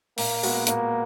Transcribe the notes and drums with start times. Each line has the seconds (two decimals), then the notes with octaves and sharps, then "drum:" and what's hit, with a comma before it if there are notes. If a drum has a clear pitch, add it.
0.18 A#2 A#3, drum: open hi-hat
0.43 G#3 B3 F#4 A#4, drum: open hi-hat
0.67 A#2 A#3, drum: hi-hat